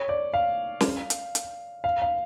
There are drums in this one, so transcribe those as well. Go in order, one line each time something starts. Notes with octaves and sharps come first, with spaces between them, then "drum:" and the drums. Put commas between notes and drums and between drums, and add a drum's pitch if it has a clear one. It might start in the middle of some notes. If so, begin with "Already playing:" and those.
Already playing: C#5
D5
F5
drum: snare
drum: hi-hat
drum: hi-hat
F5
F5